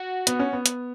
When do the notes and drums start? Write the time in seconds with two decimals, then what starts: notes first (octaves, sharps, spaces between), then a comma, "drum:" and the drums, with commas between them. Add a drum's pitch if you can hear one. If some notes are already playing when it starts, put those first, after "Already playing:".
Already playing: F#4
0.27 B3, drum: hi-hat
0.39 C#4
0.53 B3
0.66 drum: hi-hat